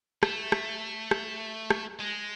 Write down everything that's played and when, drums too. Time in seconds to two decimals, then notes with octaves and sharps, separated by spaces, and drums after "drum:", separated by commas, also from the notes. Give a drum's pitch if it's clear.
0.23 A3, drum: rim click
0.52 drum: rim click
1.11 drum: rim click
1.70 drum: rim click
2.00 G#3